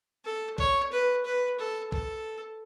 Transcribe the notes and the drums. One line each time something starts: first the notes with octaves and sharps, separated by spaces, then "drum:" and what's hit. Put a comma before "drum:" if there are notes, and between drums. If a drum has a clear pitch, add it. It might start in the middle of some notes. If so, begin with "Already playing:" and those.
A4
C#5, drum: kick B1
B4
B4
A4
A4, drum: kick B1